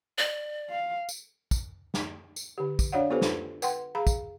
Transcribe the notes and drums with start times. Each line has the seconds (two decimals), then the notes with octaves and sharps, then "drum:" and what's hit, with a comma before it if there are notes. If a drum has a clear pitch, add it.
0.18 D5
0.70 F5
1.09 drum: tambourine
1.51 drum: kick, tambourine
1.94 drum: snare
2.36 drum: tambourine
2.58 D3 G4
2.79 drum: kick, tambourine
2.92 D4 F#4 C#5 D5 F5 F#5
3.10 B3 F4 G4 A4 B4 C5
3.21 drum: snare
3.62 B4 F#5 G5 C6, drum: tambourine
3.95 G#4 F5 A#5 B5
4.07 drum: kick, tambourine